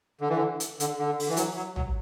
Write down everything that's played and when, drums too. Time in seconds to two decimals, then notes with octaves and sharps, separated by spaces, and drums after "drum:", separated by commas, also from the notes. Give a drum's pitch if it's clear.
0.21 D3
0.30 E3
0.36 D3
0.60 drum: hi-hat
0.80 D3, drum: hi-hat
0.99 D3
1.20 D3, drum: open hi-hat
1.29 E3
1.37 F#3, drum: hi-hat
1.56 F#3
1.76 F#3, drum: tom A#1